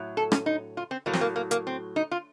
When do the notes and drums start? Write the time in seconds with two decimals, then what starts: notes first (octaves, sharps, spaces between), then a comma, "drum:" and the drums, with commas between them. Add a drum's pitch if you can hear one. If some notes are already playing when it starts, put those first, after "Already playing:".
Already playing: A2 F#3
0.17 A4
0.32 C#4, drum: rim click
0.46 D#4
0.77 F4
0.91 C4
1.06 A2 F#3 A#3
1.13 C4, drum: snare
1.21 A#3
1.36 A#3
1.51 A#3, drum: hi-hat
1.67 C4
1.96 D#4
2.11 F4